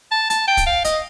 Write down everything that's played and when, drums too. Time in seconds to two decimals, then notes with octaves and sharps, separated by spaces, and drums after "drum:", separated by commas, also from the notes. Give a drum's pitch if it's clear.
0.11 A5
0.30 A5, drum: hi-hat
0.48 G5
0.57 drum: kick, hi-hat
0.66 F5
0.84 D#5, drum: hi-hat